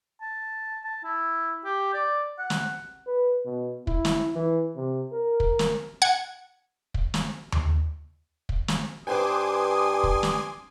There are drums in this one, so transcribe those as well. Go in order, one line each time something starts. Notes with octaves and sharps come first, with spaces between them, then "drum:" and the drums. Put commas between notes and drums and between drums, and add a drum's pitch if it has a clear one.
A5
A5
E4
G4
D5
F#5
drum: snare
B4
B2
E4, drum: kick
drum: snare
E3
C3
A#4
drum: kick
drum: snare
F#5 G#6
drum: kick
drum: snare
drum: tom D#2
drum: kick
drum: snare
G2 B4 C5 G5 G#5 C6 D6 D#6
drum: kick
drum: snare